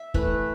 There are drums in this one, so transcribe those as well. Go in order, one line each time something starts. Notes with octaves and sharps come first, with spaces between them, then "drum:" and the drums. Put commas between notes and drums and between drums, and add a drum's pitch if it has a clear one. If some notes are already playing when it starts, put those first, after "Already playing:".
Already playing: E5
E3 A3 B4, drum: kick